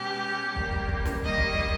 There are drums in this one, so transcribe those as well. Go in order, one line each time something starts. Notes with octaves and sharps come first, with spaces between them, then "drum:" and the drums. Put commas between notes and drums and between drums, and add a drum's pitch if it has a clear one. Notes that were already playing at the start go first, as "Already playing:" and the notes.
Already playing: B2 G#3 C#4 G4
D#3 G3 A#3, drum: kick
drum: kick
drum: kick
drum: snare
D#3 G3 A#3 D#5, drum: kick
drum: kick
drum: kick